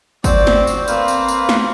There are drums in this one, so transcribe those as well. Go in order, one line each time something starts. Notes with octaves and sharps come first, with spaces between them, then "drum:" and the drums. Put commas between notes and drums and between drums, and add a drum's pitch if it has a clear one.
C4 F#4 C5 D5, drum: kick G1, tambourine
drum: snare
drum: tambourine
A#3 C4 B4 F5, drum: tambourine
drum: tambourine
drum: tambourine
drum: snare